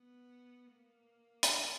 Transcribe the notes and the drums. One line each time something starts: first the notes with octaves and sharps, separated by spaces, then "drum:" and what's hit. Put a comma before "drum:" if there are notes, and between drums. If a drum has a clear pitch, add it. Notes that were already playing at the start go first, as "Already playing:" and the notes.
Already playing: B3
A#3
drum: hi-hat